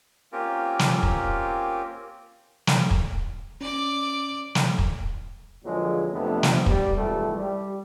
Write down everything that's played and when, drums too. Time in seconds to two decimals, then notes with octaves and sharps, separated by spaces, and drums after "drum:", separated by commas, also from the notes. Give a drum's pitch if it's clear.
0.32 A#3 C4 C#4 F4 G4 A#4
0.79 drum: snare
1.03 drum: kick
2.67 drum: snare
2.91 drum: kick
3.61 C#4 D5 D6
4.55 drum: snare
4.79 drum: kick
5.64 E2 A#2 D3 F3 F#3 G#3
6.11 F2 C3 A3 B3 D4
6.43 drum: snare
6.66 G3, drum: kick
6.96 C2 F2 G#2 E3 G3 A3
7.34 G3